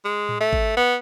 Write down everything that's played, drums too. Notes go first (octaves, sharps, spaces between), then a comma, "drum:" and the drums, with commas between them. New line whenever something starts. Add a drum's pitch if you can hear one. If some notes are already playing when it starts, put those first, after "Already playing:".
G#3
drum: tom A2
A3
drum: kick G#1
B3